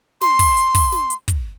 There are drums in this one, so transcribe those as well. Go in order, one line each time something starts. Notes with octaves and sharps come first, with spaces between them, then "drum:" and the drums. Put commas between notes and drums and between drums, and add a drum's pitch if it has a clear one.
C6, drum: snare
drum: kick, open hi-hat
drum: hi-hat
drum: kick, open hi-hat
drum: snare
drum: hi-hat
drum: kick, hi-hat